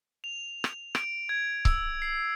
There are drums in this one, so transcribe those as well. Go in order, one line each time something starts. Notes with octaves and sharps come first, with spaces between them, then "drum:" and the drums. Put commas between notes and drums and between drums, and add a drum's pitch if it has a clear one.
F7
drum: rim click
D7, drum: rim click
G#6
E6, drum: kick C#1
C7